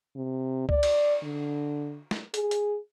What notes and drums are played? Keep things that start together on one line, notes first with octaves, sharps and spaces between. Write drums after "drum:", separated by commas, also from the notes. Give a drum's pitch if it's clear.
C3
D5, drum: kick C#2
drum: cymbal
D3
drum: snare
G#4, drum: hi-hat
drum: hi-hat